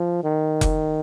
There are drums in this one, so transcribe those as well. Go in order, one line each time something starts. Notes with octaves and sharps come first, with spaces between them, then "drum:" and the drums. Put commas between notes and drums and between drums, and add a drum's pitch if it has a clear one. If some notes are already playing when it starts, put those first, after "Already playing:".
Already playing: F3
D#3
drum: kick F1, hi-hat